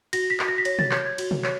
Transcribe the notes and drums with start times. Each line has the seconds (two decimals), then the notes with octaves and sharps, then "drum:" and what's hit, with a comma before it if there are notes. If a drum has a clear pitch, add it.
0.13 F#4 A#6, drum: cymbal
0.30 B6
0.39 F#4, drum: clap
0.48 A#6
0.58 B6
0.65 C#5 A#6, drum: cymbal
0.79 A6, drum: tom
0.91 C#5 G6, drum: clap
1.05 G#6
1.18 F#4, drum: cymbal
1.31 drum: tom
1.44 C#5, drum: clap